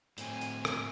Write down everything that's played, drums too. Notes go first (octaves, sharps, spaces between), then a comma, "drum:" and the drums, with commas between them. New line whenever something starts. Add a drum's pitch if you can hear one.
A2 C4 G#5, drum: hi-hat
drum: hi-hat
drum: rim click